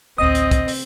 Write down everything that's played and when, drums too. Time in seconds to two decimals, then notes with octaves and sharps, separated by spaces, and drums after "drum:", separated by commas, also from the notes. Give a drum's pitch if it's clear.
0.18 A1 D2 C4 D#5 D#6
0.35 drum: hi-hat
0.51 drum: kick, hi-hat
0.68 drum: open hi-hat